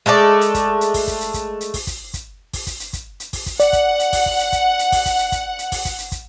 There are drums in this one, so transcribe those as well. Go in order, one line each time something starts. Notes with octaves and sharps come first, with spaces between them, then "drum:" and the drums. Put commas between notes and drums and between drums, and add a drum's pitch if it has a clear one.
G#3 A3 A4 D5
drum: hi-hat
drum: kick, hi-hat
drum: hi-hat
drum: kick, open hi-hat
drum: kick, hi-hat
drum: hi-hat
drum: kick, hi-hat
drum: hi-hat
drum: kick, open hi-hat
drum: kick, hi-hat
drum: kick, hi-hat
drum: kick, open hi-hat
drum: kick, hi-hat
drum: hi-hat
drum: kick, hi-hat
drum: hi-hat
drum: kick, open hi-hat
drum: kick, hi-hat
D5 F#5, drum: hi-hat
drum: kick, hi-hat
drum: hi-hat
drum: kick, open hi-hat
drum: kick
drum: hi-hat
drum: kick, hi-hat
drum: hi-hat
drum: kick, open hi-hat
drum: kick, hi-hat
drum: hi-hat
drum: kick, hi-hat
drum: hi-hat
drum: kick, open hi-hat
drum: kick, hi-hat
drum: hi-hat
drum: kick, hi-hat